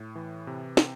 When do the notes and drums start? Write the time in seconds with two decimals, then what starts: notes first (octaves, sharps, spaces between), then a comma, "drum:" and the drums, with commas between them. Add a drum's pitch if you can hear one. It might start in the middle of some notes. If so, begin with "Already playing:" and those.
Already playing: A2
0.15 E3
0.47 C3
0.77 C4, drum: snare